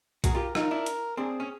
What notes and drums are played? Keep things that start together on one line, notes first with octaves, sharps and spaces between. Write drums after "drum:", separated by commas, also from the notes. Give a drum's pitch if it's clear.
F#4 G#4 A#4, drum: kick A#1, hi-hat
F4 G4
D#4 F4 A#4, drum: rim click
D4 E4
drum: hi-hat
C4 D4 G#4
C#4